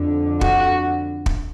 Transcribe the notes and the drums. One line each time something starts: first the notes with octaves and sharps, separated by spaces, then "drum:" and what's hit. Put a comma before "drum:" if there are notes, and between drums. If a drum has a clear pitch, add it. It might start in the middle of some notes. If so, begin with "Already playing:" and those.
Already playing: F2 D3
F#4, drum: kick
drum: kick